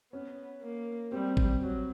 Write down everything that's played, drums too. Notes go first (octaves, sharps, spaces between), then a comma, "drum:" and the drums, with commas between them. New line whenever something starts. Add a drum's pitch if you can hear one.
B3 C#4
A#3
G3 C4
drum: kick G1
F#3